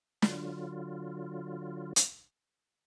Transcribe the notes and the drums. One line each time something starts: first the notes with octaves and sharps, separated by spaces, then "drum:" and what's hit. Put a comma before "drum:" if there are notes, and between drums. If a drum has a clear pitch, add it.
D3 F#3 F4, drum: snare
drum: hi-hat